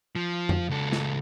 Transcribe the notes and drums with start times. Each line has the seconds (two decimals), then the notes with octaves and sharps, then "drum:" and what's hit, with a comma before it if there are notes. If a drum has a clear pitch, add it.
0.16 F3
0.49 drum: tom F2
0.69 C#2 A4
0.92 drum: snare